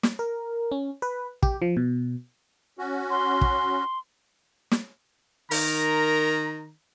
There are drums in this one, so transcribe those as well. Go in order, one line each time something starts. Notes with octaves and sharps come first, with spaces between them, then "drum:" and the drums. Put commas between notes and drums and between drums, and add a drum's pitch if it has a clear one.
drum: snare
A#4
C#4
B4
G4, drum: kick
F3
B2
C#4 F#4
C6
drum: kick
drum: snare
D#3 A#4 A#5, drum: open hi-hat